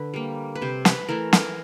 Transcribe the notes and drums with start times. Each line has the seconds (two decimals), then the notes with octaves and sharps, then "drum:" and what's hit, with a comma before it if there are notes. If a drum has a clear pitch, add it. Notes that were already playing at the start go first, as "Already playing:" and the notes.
Already playing: D3 B4
0.14 G3 A#3
0.55 B4
0.62 C3 C5
0.85 B4, drum: snare
1.08 E3 A3 A#4
1.33 A#4, drum: snare